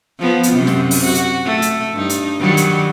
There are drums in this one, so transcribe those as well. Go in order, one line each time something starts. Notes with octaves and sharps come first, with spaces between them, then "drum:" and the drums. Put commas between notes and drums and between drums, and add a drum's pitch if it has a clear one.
F3 B3
drum: hi-hat
F#2 C3
drum: snare
drum: open hi-hat
F#4
drum: hi-hat
A3
drum: hi-hat
G2 D#4
drum: hi-hat
D#3 F#3 G3
drum: hi-hat